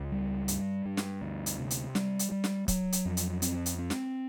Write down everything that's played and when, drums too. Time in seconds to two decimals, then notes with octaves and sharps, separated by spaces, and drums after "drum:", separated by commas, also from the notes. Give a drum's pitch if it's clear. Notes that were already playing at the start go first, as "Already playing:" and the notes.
Already playing: C#2
0.12 G3
0.48 G2, drum: hi-hat
0.86 G2
0.97 drum: snare
1.22 D2
1.46 drum: hi-hat
1.59 C3
1.70 drum: hi-hat
1.95 G3, drum: snare
2.19 drum: hi-hat
2.32 G3
2.44 drum: snare
2.68 F#3, drum: kick, hi-hat
2.92 drum: hi-hat
3.05 F2
3.17 drum: hi-hat
3.42 C4, drum: hi-hat
3.66 drum: hi-hat
3.78 C4
3.90 drum: snare